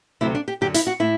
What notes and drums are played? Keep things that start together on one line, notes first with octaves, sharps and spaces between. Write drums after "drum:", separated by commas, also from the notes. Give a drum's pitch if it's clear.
D2 C3 F#3 E4
D4
G4
F#2 D3 F#3 G4
E4, drum: hi-hat
F#4
A2 E4